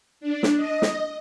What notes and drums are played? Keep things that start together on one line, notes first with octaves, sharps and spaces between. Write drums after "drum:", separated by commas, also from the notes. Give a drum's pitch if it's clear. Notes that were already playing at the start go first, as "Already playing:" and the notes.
D4
drum: snare
D#5
drum: snare